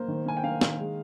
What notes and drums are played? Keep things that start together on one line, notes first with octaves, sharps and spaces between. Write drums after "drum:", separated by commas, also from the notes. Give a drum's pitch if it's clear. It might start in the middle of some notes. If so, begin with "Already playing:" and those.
Already playing: A#3 C5
D#3
A#3 G#5
G5
A#3 F5
D#3, drum: snare
G#3